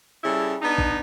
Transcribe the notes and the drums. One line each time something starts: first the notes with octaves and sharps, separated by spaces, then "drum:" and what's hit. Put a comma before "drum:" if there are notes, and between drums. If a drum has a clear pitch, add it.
C#3 G3 E4 A4
B3 D4 D#4
drum: kick